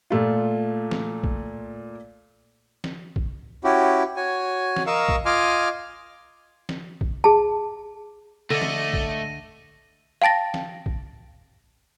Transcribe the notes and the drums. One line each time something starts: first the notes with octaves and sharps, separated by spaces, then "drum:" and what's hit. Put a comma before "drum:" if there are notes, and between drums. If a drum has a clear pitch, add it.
A#2 A3 F4
drum: snare F3
drum: kick
drum: snare F3
drum: kick
C#4 E4 F#4 G4
F#4 C#5 G#5
drum: snare F3
A#4 D#5 F5 C#6 E6
drum: kick
F4 D#5 G#5 C6 D6 F6
drum: snare F3
drum: kick
G#4 A5
D3 A3 D5 D#5 A#6 D#7
drum: snare F3
drum: kick
F5 G5 A5 A6 A#6
drum: snare F3
drum: kick